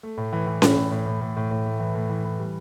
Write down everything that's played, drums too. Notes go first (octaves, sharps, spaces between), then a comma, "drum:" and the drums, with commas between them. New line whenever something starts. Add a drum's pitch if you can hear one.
A3
A2
E3
E3
A2, drum: snare C#4
A2
A2
A2
A2
A2
A2
A3
E3
A2
E3
E3
G3